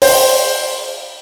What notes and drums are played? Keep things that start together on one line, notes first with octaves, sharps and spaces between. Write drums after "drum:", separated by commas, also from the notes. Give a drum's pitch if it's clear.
C5, drum: open hi-hat